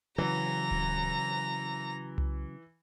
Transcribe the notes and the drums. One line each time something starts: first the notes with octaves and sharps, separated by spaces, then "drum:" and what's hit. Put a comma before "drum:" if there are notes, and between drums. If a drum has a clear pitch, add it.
C#3 E3 F#3 A#5
drum: kick D1
drum: tom C2